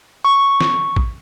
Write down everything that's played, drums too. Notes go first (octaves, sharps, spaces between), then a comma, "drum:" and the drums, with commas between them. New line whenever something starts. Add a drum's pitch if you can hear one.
C#6
drum: snare
drum: kick A1